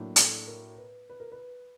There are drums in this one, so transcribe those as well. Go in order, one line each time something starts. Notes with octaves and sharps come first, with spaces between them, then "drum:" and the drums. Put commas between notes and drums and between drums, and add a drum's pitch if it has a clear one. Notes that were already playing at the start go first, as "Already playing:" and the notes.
Already playing: A2 F#3 A#3 D4
A4, drum: hi-hat
A#4
B4
B4
A#4
B4